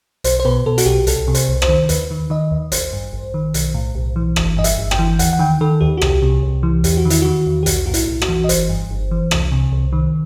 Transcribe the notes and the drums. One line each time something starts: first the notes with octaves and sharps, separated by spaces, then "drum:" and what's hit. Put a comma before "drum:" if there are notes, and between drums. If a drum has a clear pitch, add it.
B1 C5, drum: hi-hat
C5
B2 B4
B2 A4
F#4, drum: hi-hat
B1 G4
C2 A4, drum: hi-hat
C3
C5, drum: hi-hat
C2
C5, drum: rim click
D#3
D#2 B4, drum: hi-hat
D#3
D#3 D#5
D#2
A1 C5, drum: hi-hat
G2
A1
D#3
B1, drum: hi-hat
A2
B1
E3
G1, drum: rim click
G2 D#5
E5, drum: hi-hat
G1
G5, drum: rim click
E3
D#2 F#5, drum: hi-hat
F#5
D#3 G5
D#3 A4
D#2 G4
F#4
C2 G4, drum: rim click
C3
C2
E3
E2 G4, drum: hi-hat
F#4
D#3
E4, drum: hi-hat
D#3 F#4
E2
G4
B1 F#4, drum: hi-hat
A2 F#4
E4, drum: hi-hat
B1
F#4, drum: rim click
E3
D#5
G1 C5, drum: hi-hat
G2
G1
E3
C2, drum: rim click
C3
C2
D#3